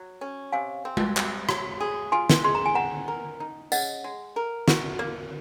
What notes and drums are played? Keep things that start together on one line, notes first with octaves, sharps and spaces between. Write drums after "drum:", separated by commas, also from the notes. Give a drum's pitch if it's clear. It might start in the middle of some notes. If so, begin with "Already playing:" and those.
Already playing: F#3
C#4
C3 F5 G#5
C4
drum: tom G#3
C3, drum: clap
F#3, drum: rim click
G#4
F4 G#5 C6
drum: snare
G#3 C6
A#5
G#5
C4 F#5 A#5
A#4
D#4
C#3 D#5 F#5, drum: tambourine
G#3
A#4
F#4, drum: snare
A#3